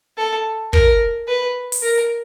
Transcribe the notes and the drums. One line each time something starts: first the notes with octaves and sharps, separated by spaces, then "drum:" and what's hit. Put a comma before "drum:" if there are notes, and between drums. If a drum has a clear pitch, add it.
A4
A#4, drum: kick
B4
drum: open hi-hat
A#4